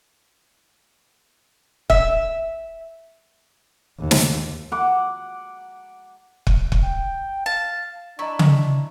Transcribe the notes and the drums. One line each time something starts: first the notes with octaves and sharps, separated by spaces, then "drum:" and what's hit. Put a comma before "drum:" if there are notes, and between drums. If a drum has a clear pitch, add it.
E5, drum: kick
D#2
drum: snare
F#5 D6
drum: kick
drum: kick
G5
F5 A5
D4 E4 D#5 A#5 C#6
drum: tom C#3